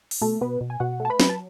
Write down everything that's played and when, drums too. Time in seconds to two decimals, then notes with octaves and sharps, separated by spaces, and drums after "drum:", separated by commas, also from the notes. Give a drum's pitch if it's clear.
0.11 drum: open hi-hat
0.21 B2 A3 A4
0.41 B2 B3 B4
0.61 B2
0.70 G#5
0.80 B2 F#4 F#5
1.00 A3
1.05 A5
1.10 B4 B5
1.20 F#3, drum: snare
1.29 A5